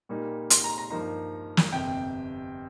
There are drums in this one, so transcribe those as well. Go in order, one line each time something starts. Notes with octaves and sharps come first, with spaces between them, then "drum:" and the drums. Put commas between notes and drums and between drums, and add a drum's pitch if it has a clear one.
A#2 G3 A#3 D#4
C6, drum: hi-hat
A#5
A#5
G2 F3 A#3 D#4 A#5
drum: snare
G1 F2 C3 G5